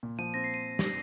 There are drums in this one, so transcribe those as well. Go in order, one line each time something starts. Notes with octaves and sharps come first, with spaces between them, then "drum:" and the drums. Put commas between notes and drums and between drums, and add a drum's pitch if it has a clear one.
A#2
F3 D#7
C4 A#6
C7
D#7
drum: snare